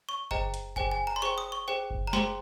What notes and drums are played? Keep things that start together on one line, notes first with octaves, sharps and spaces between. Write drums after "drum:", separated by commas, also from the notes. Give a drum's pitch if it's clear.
C#6
G#4 C5 D#5 G5 A#5, drum: kick F#1
drum: hi-hat
G#4 C5 G5 G#5, drum: kick F#1
G#5
A#5
C6
G#4 C5 G5 C#6
D#6
C#6
G#4 C5 G5
drum: kick F#1
A#5
G#4 C5 G5 C6, drum: snare